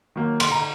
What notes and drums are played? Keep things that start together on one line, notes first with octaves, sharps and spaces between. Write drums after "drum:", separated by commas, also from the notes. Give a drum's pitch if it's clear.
D#3 F#3 A#3
D3 C6, drum: cymbal
A#5